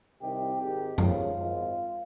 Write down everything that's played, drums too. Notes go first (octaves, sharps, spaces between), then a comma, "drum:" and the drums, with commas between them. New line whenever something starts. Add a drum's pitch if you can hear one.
C2 C3 D#3 G4
G#1 G#2 D#3 G4
D#2 C#3 F3 F4, drum: tom F#2
G#1 G#2 F3